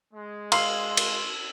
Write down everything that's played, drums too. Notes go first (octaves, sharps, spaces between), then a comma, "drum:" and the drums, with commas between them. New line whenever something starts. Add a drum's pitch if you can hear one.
G#3
F5 C6 E6 C7 F#7, drum: cymbal
drum: cymbal